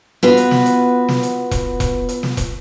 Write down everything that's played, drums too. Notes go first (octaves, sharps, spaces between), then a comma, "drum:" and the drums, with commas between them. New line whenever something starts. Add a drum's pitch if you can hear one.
B3 F4 F#4 B4
drum: hi-hat
drum: snare
drum: hi-hat
drum: snare
drum: hi-hat
drum: kick E1, hi-hat
drum: kick E1, hi-hat
drum: hi-hat
drum: snare
drum: kick E1, hi-hat